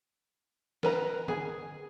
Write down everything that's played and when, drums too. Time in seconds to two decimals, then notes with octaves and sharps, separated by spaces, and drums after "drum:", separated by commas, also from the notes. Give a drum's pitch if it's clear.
0.83 A#4 B4 A#5, drum: snare
1.28 G#4 G#5, drum: tom D3